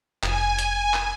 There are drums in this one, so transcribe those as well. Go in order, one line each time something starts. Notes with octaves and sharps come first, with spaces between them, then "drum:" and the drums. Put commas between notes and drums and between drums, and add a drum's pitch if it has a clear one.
F1 G#5, drum: clap
drum: hi-hat
drum: clap